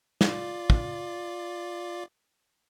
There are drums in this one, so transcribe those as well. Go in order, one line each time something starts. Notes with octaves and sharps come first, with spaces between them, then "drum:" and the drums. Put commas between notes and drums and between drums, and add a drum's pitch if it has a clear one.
F4 D5, drum: snare
drum: kick